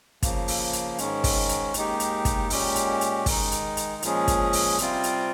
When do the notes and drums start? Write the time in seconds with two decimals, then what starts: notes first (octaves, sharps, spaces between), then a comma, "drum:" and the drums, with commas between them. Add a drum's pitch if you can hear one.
0.22 C#3 F3 A#3, drum: kick, hi-hat
0.48 drum: open hi-hat
0.73 drum: hi-hat
0.98 G#2 D#3 G#3 C#4, drum: hi-hat
1.24 drum: kick, open hi-hat
1.49 drum: hi-hat
1.74 D#2 D#3 G#3 D#4 G4, drum: hi-hat
2.00 drum: hi-hat
2.25 drum: kick, hi-hat
2.50 A#2 G#3 C#4 G4, drum: open hi-hat
2.76 drum: hi-hat
3.01 drum: hi-hat
3.26 D#3 G#3 D#4, drum: kick, open hi-hat
3.52 drum: hi-hat
3.77 drum: hi-hat
4.02 A#2 F3 G#3 C#4 G#4, drum: hi-hat
4.28 drum: kick, hi-hat
4.53 drum: open hi-hat
4.78 C3 G3 C4 F4, drum: hi-hat
5.04 drum: hi-hat